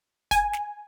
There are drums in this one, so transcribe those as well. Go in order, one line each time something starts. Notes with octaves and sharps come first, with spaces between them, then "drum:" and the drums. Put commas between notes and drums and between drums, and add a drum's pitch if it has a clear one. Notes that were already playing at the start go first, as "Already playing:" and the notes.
G#5, drum: kick, hi-hat
drum: snare